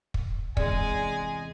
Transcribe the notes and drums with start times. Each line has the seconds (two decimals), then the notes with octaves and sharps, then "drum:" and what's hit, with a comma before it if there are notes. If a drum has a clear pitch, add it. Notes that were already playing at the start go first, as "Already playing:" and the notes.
0.14 drum: kick
0.57 E2 C3 G#3 G#4 D5 G#5, drum: kick